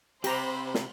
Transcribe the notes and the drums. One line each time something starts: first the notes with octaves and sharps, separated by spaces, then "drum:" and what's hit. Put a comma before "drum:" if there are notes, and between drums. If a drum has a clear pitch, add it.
C3 G4 C5 A#5 B5, drum: cymbal
drum: snare